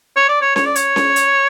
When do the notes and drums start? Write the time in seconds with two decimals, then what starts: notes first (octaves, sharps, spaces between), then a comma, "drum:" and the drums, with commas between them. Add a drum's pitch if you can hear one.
0.16 C#5
0.29 D5
0.42 C#5
0.56 C#5, drum: snare C#4
0.66 D5
0.76 C#5, drum: hi-hat
0.96 drum: snare C#4
1.16 drum: hi-hat